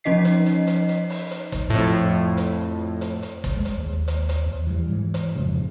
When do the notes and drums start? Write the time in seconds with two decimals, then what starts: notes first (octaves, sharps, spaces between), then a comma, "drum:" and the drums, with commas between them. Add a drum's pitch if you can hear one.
0.04 F3 C#4 D#4 D#5 B6 C7
0.25 drum: hi-hat
0.46 drum: hi-hat
0.67 drum: hi-hat
0.88 drum: hi-hat
1.10 drum: open hi-hat
1.31 drum: hi-hat
1.52 drum: kick, hi-hat
1.70 F2 A2
2.37 drum: hi-hat
3.01 drum: hi-hat
3.23 drum: hi-hat
3.44 drum: kick, hi-hat
3.56 G#3
3.65 drum: hi-hat
3.77 D#2
4.08 drum: hi-hat
4.29 drum: hi-hat
4.46 E2
4.67 E3 G3
4.88 G#2 E3
5.14 drum: hi-hat
5.35 A#1 F2 G#2 C#3